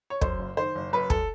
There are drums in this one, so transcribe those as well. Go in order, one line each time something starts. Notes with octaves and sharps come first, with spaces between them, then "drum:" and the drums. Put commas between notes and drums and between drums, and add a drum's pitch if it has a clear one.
C#5
F#2 C5, drum: kick
F#1
D#3 C5
F#1
F#2 B4
A4, drum: kick